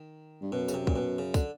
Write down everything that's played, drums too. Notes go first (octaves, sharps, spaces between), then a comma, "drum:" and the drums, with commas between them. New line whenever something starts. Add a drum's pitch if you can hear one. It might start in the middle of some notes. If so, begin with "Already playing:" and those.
Already playing: D#3
G2
F#2 B2
C#3, drum: tambourine
C3
A#2, drum: kick
B2
C#3
D3, drum: kick, tambourine